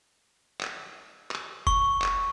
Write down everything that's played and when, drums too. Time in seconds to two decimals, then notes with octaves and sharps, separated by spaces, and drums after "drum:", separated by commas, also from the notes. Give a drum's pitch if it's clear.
0.61 drum: clap
1.31 drum: clap
1.67 C#6, drum: kick F1
2.02 drum: clap